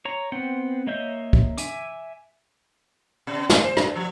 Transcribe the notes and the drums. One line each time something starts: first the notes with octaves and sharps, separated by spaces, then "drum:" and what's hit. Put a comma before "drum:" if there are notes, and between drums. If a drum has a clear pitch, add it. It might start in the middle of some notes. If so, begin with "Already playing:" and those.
C#5 A#5
B3 C4 F#5 G5
A#3 C#5 D#5 E5 G6
drum: kick
E5 G#5 D6, drum: hi-hat
B2
G3, drum: snare
C5
G2, drum: rim click
F3